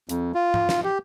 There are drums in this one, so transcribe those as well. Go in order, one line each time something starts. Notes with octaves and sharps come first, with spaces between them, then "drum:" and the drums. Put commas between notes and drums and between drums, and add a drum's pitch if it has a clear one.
F2, drum: hi-hat
F4
drum: tom G#2
drum: snare
G4